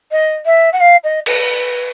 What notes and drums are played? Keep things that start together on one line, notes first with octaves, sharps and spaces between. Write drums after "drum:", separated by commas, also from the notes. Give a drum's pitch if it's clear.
D#5
E5
F#5
F5
D#5
B4, drum: cymbal